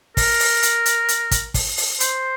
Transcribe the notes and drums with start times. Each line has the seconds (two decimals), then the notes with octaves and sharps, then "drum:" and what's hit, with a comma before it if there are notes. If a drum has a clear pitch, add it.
0.17 A#4, drum: kick, open hi-hat
0.40 drum: open hi-hat
0.63 drum: hi-hat
0.86 drum: hi-hat
1.08 drum: hi-hat
1.31 drum: kick, hi-hat
1.54 drum: kick, open hi-hat
1.77 drum: open hi-hat
2.00 C5, drum: hi-hat